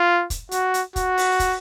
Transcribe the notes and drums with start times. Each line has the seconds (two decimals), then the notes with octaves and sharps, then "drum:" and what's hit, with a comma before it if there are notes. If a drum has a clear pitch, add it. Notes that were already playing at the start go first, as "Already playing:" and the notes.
Already playing: F4
0.30 drum: kick, hi-hat
0.51 F#4, drum: hi-hat
0.74 drum: hi-hat
0.96 F#4, drum: kick, hi-hat
1.18 drum: open hi-hat
1.39 drum: kick, hi-hat